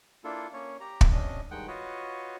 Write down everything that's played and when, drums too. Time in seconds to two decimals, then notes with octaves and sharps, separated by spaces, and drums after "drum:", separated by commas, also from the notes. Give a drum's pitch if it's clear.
0.24 A#3 D4 E4 F4 A4
0.53 A#3 C#4 C#5
0.80 G4 A#5
1.01 drum: kick
1.12 C3 C#4 D4 D#5
1.51 G2 D#3 G#3 F#5 G5
1.68 F4 F#4 B4 C#5 D#5